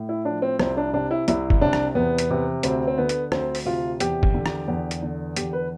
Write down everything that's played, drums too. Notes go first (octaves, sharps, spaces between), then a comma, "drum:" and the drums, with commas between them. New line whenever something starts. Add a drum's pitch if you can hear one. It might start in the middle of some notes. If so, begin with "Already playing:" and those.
Already playing: A2
E4
F3 D4
C4
C2 C4, drum: rim click
D4
C3 D4
E4
C2 E4, drum: hi-hat
drum: kick
C3 D4
drum: rim click
E2 B3
drum: hi-hat
C3
D2 C4, drum: hi-hat
C4
D3 B3
drum: hi-hat
D2 C4, drum: rim click
drum: open hi-hat
C3 F4
E2 G4, drum: hi-hat
drum: kick
D3
drum: rim click
E2
drum: hi-hat
D3
E2 G4, drum: hi-hat
B4